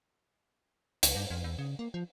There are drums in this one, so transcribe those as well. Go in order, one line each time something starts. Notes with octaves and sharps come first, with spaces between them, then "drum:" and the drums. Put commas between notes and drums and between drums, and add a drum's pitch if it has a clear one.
C#2, drum: hi-hat
G2
F2
E2
C#3
A#3
F3